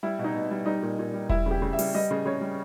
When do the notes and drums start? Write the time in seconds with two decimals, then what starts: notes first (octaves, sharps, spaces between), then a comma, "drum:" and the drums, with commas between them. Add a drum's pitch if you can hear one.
0.03 G3 E4
0.19 B2
0.24 D#4
0.35 B2
0.51 G3
0.66 G3 D#4
0.83 A#2
0.99 A#2
1.14 G3
1.29 G3 E4, drum: kick E1
1.46 C#3
1.51 G4
1.62 C#3
1.73 E5
1.79 G3, drum: open hi-hat
1.95 G3 D#5
2.11 C#3
2.25 C#3 C#5
2.41 G3